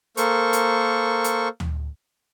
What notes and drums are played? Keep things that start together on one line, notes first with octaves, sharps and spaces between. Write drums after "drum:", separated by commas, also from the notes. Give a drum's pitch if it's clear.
A#3 A4 A#4 C5 C#6, drum: hi-hat
drum: hi-hat
drum: hi-hat
drum: tom